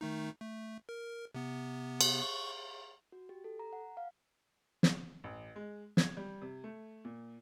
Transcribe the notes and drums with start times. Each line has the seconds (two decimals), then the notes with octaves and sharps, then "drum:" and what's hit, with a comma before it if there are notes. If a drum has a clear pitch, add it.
0.01 D#3 A3 D#4
0.41 A3
0.89 A#4
1.35 C3 B3
2.01 drum: cymbal
2.22 C#6
3.12 F#4
3.29 G4
3.44 A4
3.59 A#5
3.73 F#5
3.97 F5
4.83 drum: snare
5.24 A1
5.56 G#3
5.97 G#6, drum: snare
6.17 G3
6.42 C3
6.64 A3
7.05 A#2